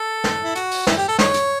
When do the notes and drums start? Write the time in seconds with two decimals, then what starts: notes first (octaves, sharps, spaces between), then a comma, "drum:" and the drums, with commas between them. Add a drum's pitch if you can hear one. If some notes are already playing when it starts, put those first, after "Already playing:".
Already playing: A4
0.24 drum: snare
0.44 E4
0.55 F#4, drum: hi-hat
0.71 drum: open hi-hat
0.87 E4, drum: snare
0.97 G4
1.08 A4
1.19 C#5, drum: snare
1.34 drum: hi-hat